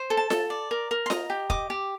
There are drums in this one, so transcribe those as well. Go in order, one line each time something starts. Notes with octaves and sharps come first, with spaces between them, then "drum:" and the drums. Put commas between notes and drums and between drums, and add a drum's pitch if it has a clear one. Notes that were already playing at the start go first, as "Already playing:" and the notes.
Already playing: C5
A4
A5
A4, drum: snare F4
D5
A#4
A#4
C6
D#5 A#5, drum: snare F4
G4
D#5 D6, drum: kick F1
G4